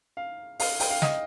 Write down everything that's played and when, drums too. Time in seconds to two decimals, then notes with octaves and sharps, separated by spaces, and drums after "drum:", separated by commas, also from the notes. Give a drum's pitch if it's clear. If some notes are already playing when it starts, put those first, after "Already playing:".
0.17 F5
0.60 F5, drum: open hi-hat
0.80 G5, drum: open hi-hat
0.90 F5
1.02 D#5, drum: snare